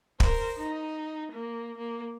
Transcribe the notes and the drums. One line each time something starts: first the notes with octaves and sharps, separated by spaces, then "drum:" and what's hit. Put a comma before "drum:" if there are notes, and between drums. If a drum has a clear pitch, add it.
A#4 C5, drum: kick
D#4
A#3
A#3